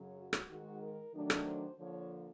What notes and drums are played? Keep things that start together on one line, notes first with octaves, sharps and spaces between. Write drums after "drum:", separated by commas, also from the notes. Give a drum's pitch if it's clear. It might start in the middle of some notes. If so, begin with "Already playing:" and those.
Already playing: F#2 C#3 F#3
F#4
drum: rim click
G#2 D#3 G#3 F#4
A#4
D#3 F#3 A3 D4
drum: rim click
C5
D3 F3 A#3 D4 C#5